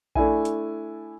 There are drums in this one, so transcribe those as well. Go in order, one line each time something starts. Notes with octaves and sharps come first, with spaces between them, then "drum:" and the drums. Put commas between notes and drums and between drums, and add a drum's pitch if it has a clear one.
A3 D4 E4 G#5, drum: kick A#1
drum: hi-hat